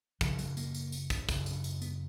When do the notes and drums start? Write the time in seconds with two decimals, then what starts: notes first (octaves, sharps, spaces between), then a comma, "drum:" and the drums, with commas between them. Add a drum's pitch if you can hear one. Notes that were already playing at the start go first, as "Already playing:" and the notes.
0.21 F#2 C#3 F3, drum: kick, tambourine
0.39 F#3, drum: tambourine
0.57 A#3, drum: tambourine
0.74 drum: tambourine
0.92 drum: tambourine
1.10 drum: kick, tambourine
1.29 F#2 C#3, drum: kick, tambourine
1.46 drum: tambourine
1.64 drum: tambourine
1.82 B3, drum: tambourine